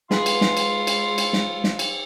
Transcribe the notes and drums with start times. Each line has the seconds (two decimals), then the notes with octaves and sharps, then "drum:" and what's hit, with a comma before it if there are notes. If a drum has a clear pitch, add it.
0.11 G#3 B3 F4 G#4 B4 C6, drum: snare
0.26 drum: cymbal
0.41 drum: snare
0.57 drum: cymbal
0.87 drum: cymbal
1.18 drum: cymbal
1.33 drum: snare
1.64 drum: snare
1.79 drum: cymbal